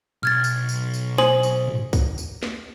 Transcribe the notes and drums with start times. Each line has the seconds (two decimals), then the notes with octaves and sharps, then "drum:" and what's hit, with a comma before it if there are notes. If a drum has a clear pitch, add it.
0.23 B1 F6 G#6 A6
0.44 drum: tambourine
0.69 drum: tambourine
0.94 drum: tambourine
1.18 C5 G#5 D#6 F#7, drum: snare
1.43 drum: tambourine
1.68 drum: tom
1.93 drum: kick C2, tambourine
2.18 drum: tambourine
2.43 drum: snare